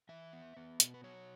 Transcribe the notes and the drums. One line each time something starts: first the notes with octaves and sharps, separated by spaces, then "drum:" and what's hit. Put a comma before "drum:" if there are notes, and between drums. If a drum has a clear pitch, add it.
E3 E5
B3
B3
B2, drum: hi-hat
B4
F#3 C#5